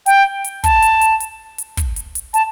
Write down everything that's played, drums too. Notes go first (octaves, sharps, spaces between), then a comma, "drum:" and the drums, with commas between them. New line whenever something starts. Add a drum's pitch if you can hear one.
G5, drum: hi-hat
drum: hi-hat
A5, drum: kick, hi-hat
drum: hi-hat
drum: hi-hat
drum: hi-hat
drum: hi-hat
drum: kick, hi-hat
drum: hi-hat
drum: hi-hat
A5, drum: hi-hat